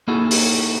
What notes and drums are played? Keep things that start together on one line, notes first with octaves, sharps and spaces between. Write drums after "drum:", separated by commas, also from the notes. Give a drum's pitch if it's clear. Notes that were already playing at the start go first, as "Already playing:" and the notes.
A#3 D#4 E4 F#4 G#4 A4
drum: open hi-hat